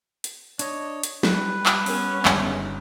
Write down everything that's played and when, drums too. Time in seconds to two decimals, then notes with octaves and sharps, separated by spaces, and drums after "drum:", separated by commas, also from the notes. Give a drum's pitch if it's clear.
0.24 drum: hi-hat
0.59 D4 C#5 D#5, drum: hi-hat
1.03 drum: hi-hat
1.23 G3 B4, drum: snare
1.66 drum: clap
1.86 B3 C#4, drum: open hi-hat
2.25 G1 D#3 G#3 E5, drum: clap